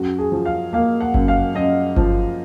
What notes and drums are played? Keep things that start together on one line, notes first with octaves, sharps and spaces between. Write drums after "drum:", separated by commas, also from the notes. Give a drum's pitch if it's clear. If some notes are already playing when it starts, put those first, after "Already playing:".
Already playing: F#2 F#4
G#4
F3
F5
A#3 F5
F#5
F#2, drum: kick G1
F5
F#2 D#5
F3, drum: kick G1